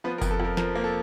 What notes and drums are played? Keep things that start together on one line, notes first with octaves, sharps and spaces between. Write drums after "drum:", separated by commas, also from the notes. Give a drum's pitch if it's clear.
F3 B3 B4
A#4
F2, drum: kick F#1, tambourine
A4
F2 A#4
F3 A#4, drum: snare
A#3
A4